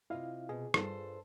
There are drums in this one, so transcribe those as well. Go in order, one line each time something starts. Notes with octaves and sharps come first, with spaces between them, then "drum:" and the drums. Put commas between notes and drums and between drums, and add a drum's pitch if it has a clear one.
C3 E4 F4 D#5 F5
B2 G#4
G2 F4 A4 C5, drum: rim click